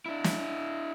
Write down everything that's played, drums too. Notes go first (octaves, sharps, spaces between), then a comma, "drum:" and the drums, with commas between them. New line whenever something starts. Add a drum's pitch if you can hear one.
D4 E4
drum: snare